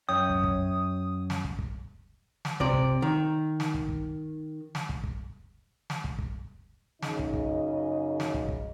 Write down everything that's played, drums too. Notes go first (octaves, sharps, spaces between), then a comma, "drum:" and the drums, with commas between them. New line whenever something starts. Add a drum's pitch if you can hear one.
F#2 C#5 G5 D#6
drum: kick
drum: kick
drum: snare
drum: kick
drum: kick
drum: snare
C3 D5, drum: kick
drum: kick
D#3
drum: snare
drum: kick
drum: kick
drum: snare
drum: kick
drum: kick
drum: snare
drum: kick
drum: kick
F#2 C#3 D#4 G#4 D#5, drum: snare
drum: kick
drum: kick
drum: snare
drum: kick
drum: kick